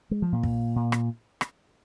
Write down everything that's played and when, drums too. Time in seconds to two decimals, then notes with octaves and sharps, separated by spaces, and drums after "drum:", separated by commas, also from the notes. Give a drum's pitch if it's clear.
0.11 G#3
0.22 F3
0.33 A#2
0.43 drum: kick
0.76 A#2
0.92 drum: rim click
1.41 drum: rim click